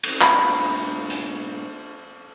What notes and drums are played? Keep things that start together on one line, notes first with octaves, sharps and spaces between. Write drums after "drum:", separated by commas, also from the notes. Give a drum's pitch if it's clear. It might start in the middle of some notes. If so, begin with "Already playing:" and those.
drum: cymbal
G2 A#2 B5, drum: clap
drum: hi-hat